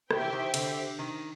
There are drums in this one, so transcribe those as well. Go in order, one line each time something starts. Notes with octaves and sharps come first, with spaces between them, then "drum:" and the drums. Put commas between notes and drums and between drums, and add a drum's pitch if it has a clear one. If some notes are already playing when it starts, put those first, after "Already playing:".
D#3 G4 C5 E5 G5, drum: rim click
E3
D#3
D3, drum: cymbal
D#3